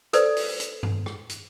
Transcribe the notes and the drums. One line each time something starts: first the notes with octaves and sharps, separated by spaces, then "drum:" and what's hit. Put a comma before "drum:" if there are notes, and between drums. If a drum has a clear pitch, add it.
A4 B4 C5 D5, drum: hi-hat
drum: open hi-hat
drum: hi-hat
drum: tom G2
drum: rim click
drum: hi-hat